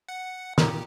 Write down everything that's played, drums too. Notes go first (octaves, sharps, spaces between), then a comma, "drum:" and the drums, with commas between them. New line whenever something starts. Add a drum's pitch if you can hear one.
F#5
A#2 D#4 G4 A#4, drum: snare